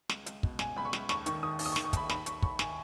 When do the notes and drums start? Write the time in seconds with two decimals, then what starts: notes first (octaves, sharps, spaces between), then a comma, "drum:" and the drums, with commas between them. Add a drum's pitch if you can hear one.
0.09 C#2, drum: snare
0.26 C#2, drum: hi-hat
0.43 B2, drum: kick
0.59 C#2 G#5, drum: snare
0.77 C#2 B5
0.85 C#6
0.93 C#2, drum: snare
1.09 D#2 C#6, drum: snare
1.26 D#3 C#6, drum: hi-hat
1.43 D#3 D#6
1.59 D#2, drum: open hi-hat
1.66 D#6
1.72 C#6
1.76 D#3, drum: snare
1.84 C#6
1.93 D#2 B5, drum: kick, hi-hat
2.09 D#2 B5, drum: snare
2.26 D#2 C#6, drum: hi-hat
2.42 D#2 C#6, drum: kick
2.59 D#3 G#5, drum: snare